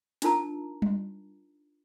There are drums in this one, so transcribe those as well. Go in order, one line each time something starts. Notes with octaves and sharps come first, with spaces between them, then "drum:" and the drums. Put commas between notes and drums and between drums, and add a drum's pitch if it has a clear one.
D4 D#4 F4 A#4 A5 A#5, drum: hi-hat
drum: tom G3